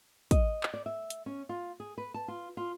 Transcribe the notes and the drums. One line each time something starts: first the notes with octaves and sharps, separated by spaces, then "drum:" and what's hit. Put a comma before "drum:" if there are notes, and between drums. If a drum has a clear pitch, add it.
D#5, drum: kick, hi-hat
drum: clap
D5
E5
drum: hi-hat
C#4
F4
G#4
B4
A5
F4
F4